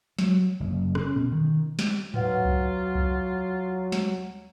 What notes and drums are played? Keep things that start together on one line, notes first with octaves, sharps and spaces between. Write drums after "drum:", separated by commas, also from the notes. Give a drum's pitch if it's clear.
F#3, drum: snare
F#1
C#4, drum: rim click
B2
D#3
drum: snare
D#2 F#3 F4 B4 F#5, drum: tom G#2
drum: kick C2
drum: kick C2
drum: snare